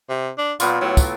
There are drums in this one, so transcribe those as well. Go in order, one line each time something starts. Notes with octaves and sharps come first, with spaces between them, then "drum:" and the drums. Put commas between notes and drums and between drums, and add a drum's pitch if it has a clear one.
C3
D4
A#2 F#3 B3 F4, drum: tambourine
A2 F#3
drum: kick, tambourine